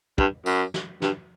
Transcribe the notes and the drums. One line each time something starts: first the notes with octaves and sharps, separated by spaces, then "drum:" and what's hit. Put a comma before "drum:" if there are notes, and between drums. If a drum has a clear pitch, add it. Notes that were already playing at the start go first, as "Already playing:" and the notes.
G2, drum: kick
F#2, drum: tambourine
drum: snare
G2, drum: snare